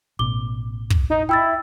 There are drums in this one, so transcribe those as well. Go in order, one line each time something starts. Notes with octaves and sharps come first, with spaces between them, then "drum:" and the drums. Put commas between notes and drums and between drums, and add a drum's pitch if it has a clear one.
A1 B2 D6 G7
drum: kick
D#4
E4 G5 E6 A6